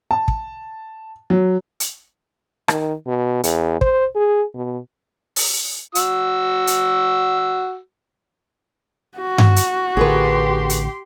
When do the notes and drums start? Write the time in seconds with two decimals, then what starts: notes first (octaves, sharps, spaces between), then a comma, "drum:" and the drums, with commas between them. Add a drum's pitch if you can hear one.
0.11 A5
0.28 drum: kick
1.30 F#3
1.80 drum: hi-hat
2.68 D#3, drum: rim click
3.07 B2
3.43 E2, drum: hi-hat
3.81 C5, drum: kick
4.16 G#4
4.55 B2
5.36 drum: open hi-hat
5.95 F#4 E6, drum: hi-hat
6.67 drum: hi-hat
9.18 F#4
9.38 drum: tom G2
9.56 drum: hi-hat
9.97 A1 D3 G4 G#4 A#4 B4 C6
10.69 drum: hi-hat